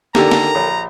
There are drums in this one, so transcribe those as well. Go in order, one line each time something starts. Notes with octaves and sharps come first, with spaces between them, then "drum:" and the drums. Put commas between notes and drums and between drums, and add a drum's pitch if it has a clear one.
D3 D#3 G4 A4 A#4 G5 A#5, drum: snare
drum: snare
A#1 C#5